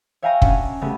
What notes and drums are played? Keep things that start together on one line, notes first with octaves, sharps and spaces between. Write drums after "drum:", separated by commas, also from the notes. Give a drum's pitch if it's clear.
C#5 E5 F5 G5 G#5 A#5
C#4 D4 F#4, drum: kick
C#3 G3 A3 B3 C#4